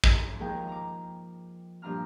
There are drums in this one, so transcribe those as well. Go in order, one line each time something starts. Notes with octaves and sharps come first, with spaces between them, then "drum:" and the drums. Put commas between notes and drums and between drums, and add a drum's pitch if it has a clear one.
drum: kick
D#2 F3 G#3 G#4 A#4 G5
A#5 D6
G2 A#2 F3 D4 A#5 F6